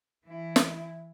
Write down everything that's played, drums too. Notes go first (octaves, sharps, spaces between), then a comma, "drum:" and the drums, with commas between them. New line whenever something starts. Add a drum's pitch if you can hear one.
E3 E4
drum: snare